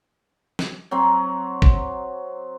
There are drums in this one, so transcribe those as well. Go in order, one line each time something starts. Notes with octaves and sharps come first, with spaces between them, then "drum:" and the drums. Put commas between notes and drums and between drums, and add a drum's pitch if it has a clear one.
drum: snare
F#3 C4
drum: kick